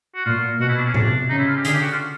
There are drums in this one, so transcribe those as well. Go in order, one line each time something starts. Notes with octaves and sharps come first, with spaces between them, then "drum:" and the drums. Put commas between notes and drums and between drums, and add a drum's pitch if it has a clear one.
F#4
A#2 F4
B2 F#4
E4
D4
C#4
C3 D4, drum: tom A2
C#3 D#4
E4
F4
G4
D3 G#4, drum: hi-hat
G4
F#4
F4